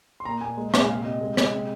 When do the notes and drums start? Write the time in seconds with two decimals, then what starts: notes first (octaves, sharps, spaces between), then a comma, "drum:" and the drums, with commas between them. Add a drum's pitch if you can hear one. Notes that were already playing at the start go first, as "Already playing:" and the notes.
0.20 C6
0.25 A#2 A#5
0.41 A#2 G#5
0.57 G#3
0.74 A#2, drum: rim click
0.79 G#5
0.88 C3 F5
1.05 C3 D#5
1.21 G#3
1.37 G#3, drum: rim click
1.52 C3